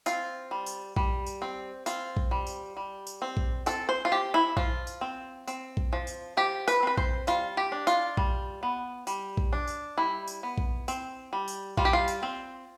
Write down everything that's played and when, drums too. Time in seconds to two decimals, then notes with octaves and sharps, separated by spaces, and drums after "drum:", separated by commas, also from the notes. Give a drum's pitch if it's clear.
0.06 C4 F4, drum: tambourine
0.51 G3
0.66 drum: tambourine
0.96 G3, drum: kick A#1
1.26 drum: tambourine
1.42 C4
1.86 C4 F4, drum: tambourine
2.17 drum: kick A#1
2.31 G3
2.47 drum: tambourine
2.77 G3
3.07 drum: tambourine
3.22 C4
3.37 drum: kick A#1
3.66 C4 A4, drum: tambourine
3.89 C5
4.05 F4
4.12 F3 G4
4.34 E4
4.57 F3 F4, drum: kick A#1
4.87 drum: tambourine
5.01 C4
5.47 C4, drum: tambourine
5.77 drum: kick A#1
5.93 F3
6.07 drum: tambourine
6.37 F3 G4
6.68 B4, drum: tambourine
6.83 C4 B4
6.97 C5, drum: kick A#1
7.27 G3 F4, drum: tambourine
7.57 G4
7.72 D4
7.87 F4, drum: tambourine
8.17 G3, drum: kick A#1
8.63 B3
9.07 G3, drum: tambourine
9.37 drum: kick A#1
9.53 D4
9.67 drum: tambourine
9.98 G3 E4
10.28 drum: tambourine
10.43 B3
10.58 drum: kick A#1
10.88 C4, drum: tambourine
11.33 G3
11.48 drum: tambourine
11.77 G3 F4, drum: kick A#1
11.85 G4
11.93 F4
12.08 drum: tambourine
12.23 C4